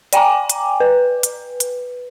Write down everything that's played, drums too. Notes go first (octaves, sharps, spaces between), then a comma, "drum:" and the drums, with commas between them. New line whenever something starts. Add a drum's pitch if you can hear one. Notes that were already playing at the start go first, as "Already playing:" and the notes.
D5 G5 G#5 A#5 D6, drum: hi-hat
drum: hi-hat
B4
drum: hi-hat
drum: hi-hat